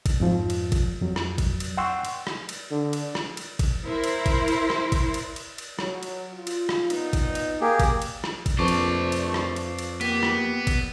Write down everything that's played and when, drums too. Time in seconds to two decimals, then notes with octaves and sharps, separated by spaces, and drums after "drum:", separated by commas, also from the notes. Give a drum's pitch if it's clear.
0.06 drum: kick G#1, cymbal
0.20 F2 G#2 F3
0.50 drum: cymbal
0.72 drum: kick G#1, cymbal
1.01 F2 F#3
1.16 drum: rim click
1.38 drum: kick G#1, cymbal
1.60 drum: cymbal
1.77 F#5 G5 C6 C#6 E6
2.05 drum: cymbal
2.27 drum: rim click
2.49 drum: cymbal
2.71 D3
2.93 drum: cymbal
3.15 drum: rim click
3.37 drum: cymbal
3.59 drum: kick G#1, cymbal
3.87 E4 A#4 C5
4.04 drum: cymbal
4.26 drum: kick G#1, cymbal
4.48 drum: cymbal
4.70 drum: rim click
4.92 drum: kick G#1, cymbal
5.14 drum: cymbal
5.36 drum: cymbal
5.58 drum: cymbal
5.79 F#3, drum: rim click
6.03 drum: cymbal
6.34 F4
6.47 drum: cymbal
6.69 drum: rim click
6.90 A#2 B3 D#4, drum: cymbal
7.13 drum: kick G#1, cymbal
7.35 drum: cymbal
7.61 A#3 G4 G#4
7.80 drum: kick G#1, cymbal
8.02 drum: cymbal
8.24 drum: rim click
8.46 drum: kick G#1, cymbal
8.59 A#1 F2 A3 B4 C5 D5 A5 C#6
8.68 drum: cymbal
9.12 drum: cymbal
9.34 drum: rim click
9.56 drum: cymbal
9.79 drum: cymbal
10.01 A#3 B3 G4, drum: cymbal
10.23 drum: rim click
10.67 drum: kick G#1, cymbal